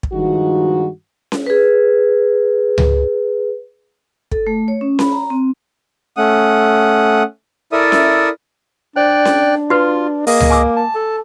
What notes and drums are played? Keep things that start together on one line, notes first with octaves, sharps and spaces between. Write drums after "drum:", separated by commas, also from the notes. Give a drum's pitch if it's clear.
drum: kick
G2 D#3 F3 G#3 D#4 F#4
drum: snare C#4
G#4 B4
drum: tom C#2
A4, drum: kick
A3
C#5
C#4
B5, drum: snare C#4
A#5
C4
A3 C#4 F#5 D#6
E4 A4 A#4 D5 E5 D#6
drum: snare C#4
D4 C5 D5 G5 F#6
drum: snare C#4
F4 F#4 B4
A#3 G#4 D#5, drum: open hi-hat
drum: tom C#2
G#5 D6 E6
A5
A4